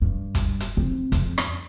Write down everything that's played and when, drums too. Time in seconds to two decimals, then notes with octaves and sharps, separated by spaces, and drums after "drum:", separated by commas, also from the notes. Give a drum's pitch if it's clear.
0.02 G2
0.35 drum: kick, hi-hat
0.60 drum: hi-hat
0.77 C4
1.12 F2, drum: hi-hat
1.38 drum: rim click